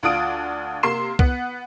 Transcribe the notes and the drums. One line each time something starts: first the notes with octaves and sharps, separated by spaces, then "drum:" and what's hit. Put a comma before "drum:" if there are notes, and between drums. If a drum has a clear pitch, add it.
D2 D4 F4 D#6 D7
C3 A#3 C6 C7 E7
B3 F#5, drum: kick